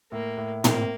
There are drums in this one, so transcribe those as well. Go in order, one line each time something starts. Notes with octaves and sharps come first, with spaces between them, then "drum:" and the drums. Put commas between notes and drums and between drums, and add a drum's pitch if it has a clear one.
A2 A#3
A2
A#3 C4, drum: tom